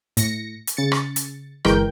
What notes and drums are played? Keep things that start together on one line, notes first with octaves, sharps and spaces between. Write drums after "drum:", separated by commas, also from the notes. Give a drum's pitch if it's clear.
A2 A#6 C#7, drum: hi-hat
drum: hi-hat
C#3 A6 C#7
drum: rim click
drum: hi-hat
G1 E3 G#3 A#4 G5 G6, drum: rim click